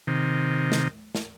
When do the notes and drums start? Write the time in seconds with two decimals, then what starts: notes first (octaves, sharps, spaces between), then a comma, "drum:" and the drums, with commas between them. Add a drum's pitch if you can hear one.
0.07 C3 D#3
0.72 drum: snare
1.15 drum: snare